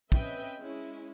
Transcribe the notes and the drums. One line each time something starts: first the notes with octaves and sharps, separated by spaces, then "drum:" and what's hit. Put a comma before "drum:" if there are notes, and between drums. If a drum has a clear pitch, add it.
C4 C#4 B4 D#5 E5 G5, drum: kick
G#3 C#4 E4